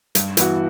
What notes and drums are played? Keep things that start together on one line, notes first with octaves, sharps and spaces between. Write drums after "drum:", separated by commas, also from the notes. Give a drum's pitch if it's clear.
G2, drum: hi-hat
E3 B3 F#4, drum: hi-hat